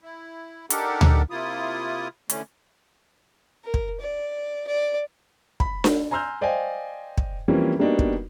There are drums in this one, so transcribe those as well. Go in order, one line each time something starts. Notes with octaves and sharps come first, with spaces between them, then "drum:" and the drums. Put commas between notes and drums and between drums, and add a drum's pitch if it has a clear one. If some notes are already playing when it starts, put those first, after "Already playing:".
E4
D4 D#4 G4 A4 A#4 F#5, drum: hi-hat
drum: tom D2
C3 A#3 E4 F4 D#6
D3 E3 A3 C#4, drum: hi-hat
A#4
drum: kick
D5
D5
B5, drum: kick
drum: snare D4
G#5 A#5 C6 E6 F6 G6
C5 D5 D#5 F5 G5 G#5
drum: kick
E3 F3 G3 A#3 C4 C#4
G3 A#3 B3 D4 D#4 F#4
drum: kick